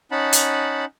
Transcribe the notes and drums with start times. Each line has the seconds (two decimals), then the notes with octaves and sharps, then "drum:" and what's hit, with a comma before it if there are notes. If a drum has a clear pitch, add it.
0.11 C#4 D#4 F#5 A5 B5
0.33 drum: hi-hat